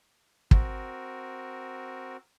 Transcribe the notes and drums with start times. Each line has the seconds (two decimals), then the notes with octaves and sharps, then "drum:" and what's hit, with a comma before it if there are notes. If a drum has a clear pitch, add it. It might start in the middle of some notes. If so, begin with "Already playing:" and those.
0.51 C4 F#4 A#4, drum: kick